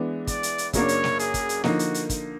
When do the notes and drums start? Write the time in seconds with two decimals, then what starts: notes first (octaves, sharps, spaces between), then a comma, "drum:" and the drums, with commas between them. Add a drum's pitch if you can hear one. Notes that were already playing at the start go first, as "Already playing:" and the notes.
Already playing: E3 G#3 B3 D4
0.27 D5, drum: kick, hi-hat
0.43 drum: hi-hat
0.58 drum: hi-hat
0.73 F#2 C#3 F#3 A#3 D4 C#5, drum: kick, hi-hat
0.88 drum: hi-hat
1.04 drum: snare
1.19 G#4, drum: hi-hat
1.34 drum: kick, hi-hat
1.49 drum: hi-hat
1.64 D3 F3 A#3 D#4 F#4, drum: snare
1.79 drum: hi-hat
1.94 drum: hi-hat
2.10 drum: kick, hi-hat